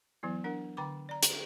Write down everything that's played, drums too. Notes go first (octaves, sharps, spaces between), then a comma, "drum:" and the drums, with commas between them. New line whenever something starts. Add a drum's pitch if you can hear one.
E3 F#3 B3 E4
D4 A#4 F#5
D3 G5 B5 D6
D5 A#5
drum: hi-hat